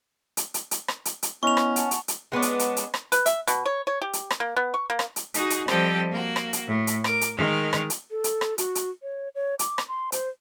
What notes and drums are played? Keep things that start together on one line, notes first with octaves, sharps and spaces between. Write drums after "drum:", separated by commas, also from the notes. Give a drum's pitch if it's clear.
drum: hi-hat
drum: hi-hat
drum: hi-hat
drum: rim click
drum: hi-hat
drum: hi-hat
B3 C#4 E4 D#5 C#6 F7
drum: rim click
F#5 G#5 A5, drum: hi-hat
drum: hi-hat
drum: hi-hat
G#3 B3 C#4 D4
drum: hi-hat
drum: hi-hat
drum: hi-hat
drum: rim click
B4, drum: hi-hat
E5, drum: hi-hat
B2, drum: hi-hat
C#5
C#5
G4
drum: hi-hat
drum: rim click
A#3
B3
C#6
A#3
drum: rim click
drum: hi-hat
D#4 F#4 G#4, drum: hi-hat
drum: hi-hat
F3 G3 C4 G4 A4 D#5, drum: rim click
A#3 F#4
drum: rim click
drum: hi-hat
A2
drum: hi-hat
A#4 D6, drum: rim click
drum: hi-hat
D#3 G#3 A#4 F6
drum: rim click
drum: hi-hat
A4
drum: hi-hat
drum: rim click
F#4, drum: hi-hat
drum: hi-hat
C#5
C#5
D6, drum: hi-hat
drum: rim click
C6
C5, drum: hi-hat